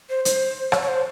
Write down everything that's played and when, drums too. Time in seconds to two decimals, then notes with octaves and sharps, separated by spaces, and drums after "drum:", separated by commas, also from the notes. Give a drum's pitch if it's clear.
0.10 C5
0.25 C5, drum: hi-hat
0.72 C#5, drum: rim click
0.82 C#5
0.88 C5